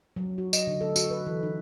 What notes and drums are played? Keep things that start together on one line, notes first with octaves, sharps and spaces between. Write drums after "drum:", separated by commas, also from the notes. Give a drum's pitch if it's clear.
F#3
F#4
D#5, drum: tambourine
D3
A4
F#4, drum: tambourine
B4
E3
D#4